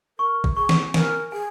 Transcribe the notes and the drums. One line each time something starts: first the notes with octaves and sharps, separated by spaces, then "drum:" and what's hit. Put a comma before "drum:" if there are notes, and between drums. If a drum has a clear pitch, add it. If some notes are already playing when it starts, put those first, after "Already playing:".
A#4 C#6
drum: kick G#1
G#4 C#6
drum: snare
A#4 G#5, drum: snare
G#4 G#5